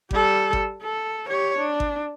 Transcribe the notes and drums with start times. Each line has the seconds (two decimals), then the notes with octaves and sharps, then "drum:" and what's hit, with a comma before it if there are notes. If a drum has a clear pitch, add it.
0.11 G3 A4, drum: kick G#1
0.53 drum: kick G#1
0.82 A4
1.28 G4 C#5
1.58 D4
1.80 drum: kick G#1